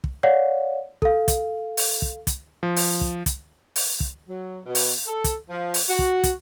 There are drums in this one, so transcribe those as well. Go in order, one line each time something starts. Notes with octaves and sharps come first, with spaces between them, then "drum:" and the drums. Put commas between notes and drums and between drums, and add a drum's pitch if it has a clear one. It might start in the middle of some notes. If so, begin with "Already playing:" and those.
drum: kick
C#5 D5 F5 F#5
A4 F5, drum: kick
drum: kick, hi-hat
drum: open hi-hat
drum: kick
drum: kick, hi-hat
F3
drum: open hi-hat
drum: kick
drum: kick, hi-hat
drum: open hi-hat
drum: kick
F#3
B2
drum: open hi-hat
A4
drum: kick, hi-hat
F3
drum: open hi-hat
F#4
drum: kick
drum: kick, hi-hat